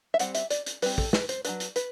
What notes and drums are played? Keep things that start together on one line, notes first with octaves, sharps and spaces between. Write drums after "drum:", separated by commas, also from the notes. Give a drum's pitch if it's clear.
E5
G3 C4 F#5, drum: hi-hat
E5, drum: hi-hat
D5, drum: hi-hat
drum: hi-hat
G3 C4 B4, drum: open hi-hat
A4, drum: kick
B4, drum: snare
C5, drum: hi-hat
F#3 A3 D4 B4, drum: hi-hat
drum: hi-hat
B4, drum: hi-hat